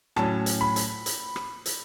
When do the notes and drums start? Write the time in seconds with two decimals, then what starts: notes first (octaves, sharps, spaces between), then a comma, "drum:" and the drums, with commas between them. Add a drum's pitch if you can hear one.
0.16 A2 F#3 C#4 A5, drum: rim click
0.46 drum: hi-hat
0.61 B5
0.76 drum: hi-hat
1.06 drum: hi-hat
1.36 drum: rim click
1.66 drum: hi-hat